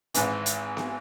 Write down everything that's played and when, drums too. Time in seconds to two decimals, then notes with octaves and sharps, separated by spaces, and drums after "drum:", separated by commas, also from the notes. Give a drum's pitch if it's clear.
0.14 G#1 G#2 E3, drum: hi-hat
0.46 drum: hi-hat
0.77 drum: snare B3